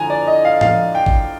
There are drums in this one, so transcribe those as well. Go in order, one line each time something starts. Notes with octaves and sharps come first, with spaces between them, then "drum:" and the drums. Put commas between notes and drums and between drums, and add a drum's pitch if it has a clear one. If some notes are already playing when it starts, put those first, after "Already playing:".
Already playing: D3 F3 G#5 A#5
D5
D#5
F5
F5, drum: tom
G5
drum: kick G#1